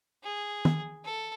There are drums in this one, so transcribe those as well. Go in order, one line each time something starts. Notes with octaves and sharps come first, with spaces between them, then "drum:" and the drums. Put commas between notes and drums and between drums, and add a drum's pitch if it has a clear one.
G#4
drum: tom
A4